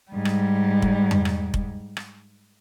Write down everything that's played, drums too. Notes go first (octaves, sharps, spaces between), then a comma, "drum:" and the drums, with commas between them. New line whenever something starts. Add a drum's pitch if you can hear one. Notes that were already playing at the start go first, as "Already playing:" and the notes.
G#2 G3
drum: rim click
drum: kick F1
drum: tom F2
drum: rim click
drum: kick F1
drum: rim click